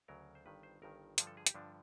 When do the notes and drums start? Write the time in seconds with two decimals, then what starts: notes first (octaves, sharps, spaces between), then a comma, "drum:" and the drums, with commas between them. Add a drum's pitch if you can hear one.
0.08 D2 C#3 F#3 A#4
0.35 C5
0.46 G1 G2 D#3 B4
0.63 C5
0.82 G1 G2 D#3 A#4
1.18 G2 D3 F3 G#4, drum: hi-hat
1.27 A4
1.37 G#4
1.46 G4, drum: hi-hat
1.54 G2 D3 F3 D4